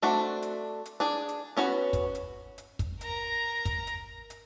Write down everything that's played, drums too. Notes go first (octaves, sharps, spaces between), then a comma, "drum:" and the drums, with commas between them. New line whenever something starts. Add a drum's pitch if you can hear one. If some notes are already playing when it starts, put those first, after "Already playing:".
A3 C4 D4 F#4
drum: hi-hat
drum: hi-hat
D4 G#4
drum: hi-hat
B3 C#4 F#4 B4
drum: kick, hi-hat
drum: hi-hat
drum: hi-hat
drum: kick, hi-hat
A#4 A#5, drum: hi-hat
drum: kick, hi-hat
drum: hi-hat
drum: hi-hat